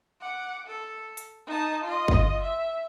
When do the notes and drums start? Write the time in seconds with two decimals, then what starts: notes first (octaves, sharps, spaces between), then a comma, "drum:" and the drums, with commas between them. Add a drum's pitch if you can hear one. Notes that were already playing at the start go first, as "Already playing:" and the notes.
0.21 F#5 D6
0.66 A4
1.17 drum: hi-hat
1.46 D#4 A5
1.83 F4 D#5
2.08 drum: kick G1
2.43 E5